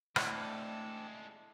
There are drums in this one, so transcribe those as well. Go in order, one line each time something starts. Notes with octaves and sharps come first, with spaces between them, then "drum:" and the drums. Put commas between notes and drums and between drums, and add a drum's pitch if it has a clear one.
G#3 A3 C4 D4 E4 A4 D5, drum: rim click